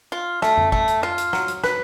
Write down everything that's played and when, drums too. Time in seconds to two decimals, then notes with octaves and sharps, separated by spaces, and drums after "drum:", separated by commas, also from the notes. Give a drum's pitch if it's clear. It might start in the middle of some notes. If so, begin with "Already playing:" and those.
0.12 F4
0.42 A3, drum: snare
0.57 drum: tom F2
0.72 A3, drum: kick
0.88 drum: hi-hat
1.03 F4
1.18 drum: hi-hat
1.33 F#3, drum: snare
1.48 drum: hi-hat
1.64 B4, drum: snare